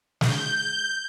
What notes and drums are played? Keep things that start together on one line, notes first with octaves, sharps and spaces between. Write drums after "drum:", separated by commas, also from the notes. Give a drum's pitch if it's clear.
G6, drum: snare